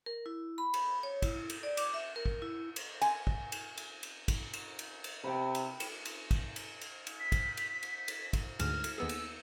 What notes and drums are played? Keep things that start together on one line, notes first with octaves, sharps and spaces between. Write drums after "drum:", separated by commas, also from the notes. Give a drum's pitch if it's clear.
A#4
E4
B5
drum: cymbal
C#5
E4, drum: kick, cymbal
drum: cymbal
D5
D6, drum: cymbal
E5
A#4
drum: kick
E4
drum: cymbal
G#5, drum: cymbal
drum: kick
drum: cymbal
drum: cymbal
drum: cymbal
drum: kick, cymbal
drum: cymbal
drum: cymbal
drum: cymbal
C3 B4 G5
drum: cymbal
drum: cymbal
drum: cymbal
drum: kick, cymbal
drum: cymbal
drum: cymbal
drum: cymbal
B6
drum: kick, cymbal
drum: cymbal
drum: cymbal
drum: cymbal
drum: kick, cymbal
D2 G#2 F6, drum: cymbal
drum: cymbal
D#2 B3 G#4 E6
drum: cymbal